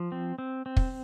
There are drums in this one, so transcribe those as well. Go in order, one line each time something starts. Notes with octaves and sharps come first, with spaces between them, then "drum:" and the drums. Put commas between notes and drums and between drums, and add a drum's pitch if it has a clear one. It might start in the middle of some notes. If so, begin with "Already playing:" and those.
Already playing: F3
C4
C4
C4
drum: kick